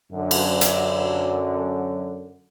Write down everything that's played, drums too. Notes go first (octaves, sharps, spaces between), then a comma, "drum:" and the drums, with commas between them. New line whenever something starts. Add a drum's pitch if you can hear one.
F#2 D3
drum: cymbal
drum: hi-hat